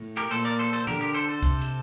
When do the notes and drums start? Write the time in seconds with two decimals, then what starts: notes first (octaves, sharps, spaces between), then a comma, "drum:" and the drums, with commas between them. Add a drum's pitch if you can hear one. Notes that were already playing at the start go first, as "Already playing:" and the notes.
Already playing: A2
0.17 G4 A#4
0.31 A#2 A4 C5, drum: hi-hat
0.45 A#4 D5
0.59 A4 C5
0.73 A4 C5
0.87 D3 G4 A#4, drum: tom A2
1.01 G4 A#4
1.14 A4 C5
1.29 A4 C5
1.43 C3, drum: kick, hi-hat
1.61 drum: hi-hat